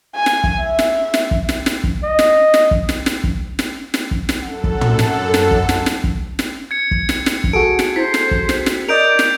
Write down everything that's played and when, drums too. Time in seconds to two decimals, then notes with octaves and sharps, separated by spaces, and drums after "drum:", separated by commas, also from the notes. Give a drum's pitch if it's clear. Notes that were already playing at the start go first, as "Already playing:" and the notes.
0.16 G#5
0.26 drum: snare
0.44 drum: kick
0.61 E5
0.79 drum: snare
1.14 drum: snare
1.31 drum: kick
1.49 drum: snare
1.66 drum: snare
1.84 drum: kick
2.03 D#5
2.19 drum: snare
2.54 drum: snare
2.71 drum: kick
2.89 drum: snare
3.06 drum: snare
3.24 drum: kick
3.59 drum: snare
3.94 drum: snare
4.11 drum: kick
4.29 drum: snare
4.42 F#2 A4 F#5
4.64 drum: kick
4.81 drum: tom
4.99 drum: snare
5.34 drum: snare
5.51 drum: kick
5.69 drum: snare
5.86 drum: snare
6.04 drum: kick
6.39 drum: snare
6.71 G#6 C#7
6.91 drum: kick
7.09 drum: snare
7.26 drum: snare
7.44 drum: kick
7.53 F#4 G#4 A4 D7
7.79 drum: snare
7.96 E4 C5 B6
8.14 drum: snare
8.31 drum: kick
8.49 drum: snare
8.66 drum: snare
8.88 A#4 D5 D#5 G6 D7 F7
9.19 drum: snare